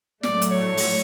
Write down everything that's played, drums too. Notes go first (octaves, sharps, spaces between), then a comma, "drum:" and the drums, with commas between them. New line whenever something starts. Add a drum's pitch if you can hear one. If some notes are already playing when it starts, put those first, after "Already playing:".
A2 F#3 A3 D5, drum: snare
drum: hi-hat
C#5
drum: open hi-hat